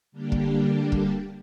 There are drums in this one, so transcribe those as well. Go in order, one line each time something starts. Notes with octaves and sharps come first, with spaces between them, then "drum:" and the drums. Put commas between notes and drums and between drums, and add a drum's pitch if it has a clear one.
D3 G3 A#3 D4 G4
drum: kick
drum: kick